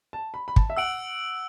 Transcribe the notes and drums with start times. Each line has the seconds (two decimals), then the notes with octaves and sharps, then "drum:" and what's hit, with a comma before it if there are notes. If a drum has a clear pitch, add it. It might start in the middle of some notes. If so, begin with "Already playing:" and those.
0.13 A5
0.34 B5
0.48 B5
0.56 A5, drum: kick
0.70 E5
0.77 F#5 E6 D7 F#7